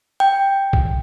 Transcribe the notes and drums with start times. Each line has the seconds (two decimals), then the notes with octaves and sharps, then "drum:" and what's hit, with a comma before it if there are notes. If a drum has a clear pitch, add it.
0.20 G5
0.73 drum: kick B1